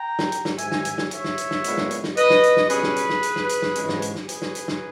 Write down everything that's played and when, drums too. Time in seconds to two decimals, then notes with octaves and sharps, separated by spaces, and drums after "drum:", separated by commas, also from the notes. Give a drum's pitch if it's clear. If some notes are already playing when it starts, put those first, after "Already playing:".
Already playing: G5 A#5
0.19 drum: snare
0.32 drum: hi-hat
0.45 drum: snare
0.58 G#2 D#3 G3 E5 G#5, drum: hi-hat
0.72 drum: snare
0.85 drum: hi-hat
0.98 drum: snare
1.11 C#5 E5, drum: hi-hat
1.24 drum: snare
1.38 drum: hi-hat
1.51 drum: snare
1.64 A#2 G#3 B3, drum: hi-hat
1.77 drum: snare
1.91 drum: hi-hat
2.04 drum: snare
2.17 B4 D#5, drum: hi-hat
2.30 drum: snare
2.43 drum: hi-hat
2.57 drum: snare
2.70 B2 G3 C#4 G#4 B4, drum: hi-hat
2.83 drum: snare
2.96 drum: hi-hat
3.10 drum: snare
3.23 drum: hi-hat
3.36 drum: snare
3.49 drum: hi-hat
3.62 drum: snare
3.75 G#2 E3 G#3 C#4, drum: hi-hat
3.89 drum: snare
4.02 drum: hi-hat
4.15 drum: snare
4.29 G#4 B4, drum: hi-hat
4.42 drum: snare
4.55 drum: hi-hat
4.68 drum: snare